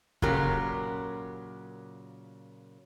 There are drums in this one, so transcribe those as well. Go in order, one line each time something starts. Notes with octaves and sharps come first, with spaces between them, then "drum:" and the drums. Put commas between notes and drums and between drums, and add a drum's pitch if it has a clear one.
A#2 C#3 F#3 G4 A#4, drum: kick